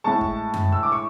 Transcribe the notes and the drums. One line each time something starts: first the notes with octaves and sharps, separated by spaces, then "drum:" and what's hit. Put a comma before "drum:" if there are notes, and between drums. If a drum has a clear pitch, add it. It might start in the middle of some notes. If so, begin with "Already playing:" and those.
A2 G#3 A5 C#6
drum: kick
drum: tom F#2
E6
D6
C#6